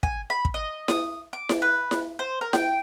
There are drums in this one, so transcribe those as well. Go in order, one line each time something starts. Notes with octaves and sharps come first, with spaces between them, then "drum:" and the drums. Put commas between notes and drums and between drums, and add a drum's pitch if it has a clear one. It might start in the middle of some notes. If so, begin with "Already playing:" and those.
G#5, drum: kick
B5
drum: kick
D#5
D#6, drum: snare E4
D6
drum: snare E4
B4
drum: snare E4
C5
A#4
G5, drum: snare E4